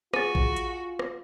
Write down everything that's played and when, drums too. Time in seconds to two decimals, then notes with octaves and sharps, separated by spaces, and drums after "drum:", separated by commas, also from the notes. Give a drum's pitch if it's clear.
0.14 F4 F#4 G#4 A6 D#7, drum: rim click
0.35 drum: kick A1
0.56 drum: hi-hat
0.99 drum: rim click